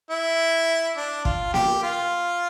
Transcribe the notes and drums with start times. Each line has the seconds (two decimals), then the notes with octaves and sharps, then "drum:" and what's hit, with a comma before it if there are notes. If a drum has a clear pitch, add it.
0.11 E4
0.97 D4
1.25 F4, drum: kick
1.54 G4, drum: snare A#3
1.83 F4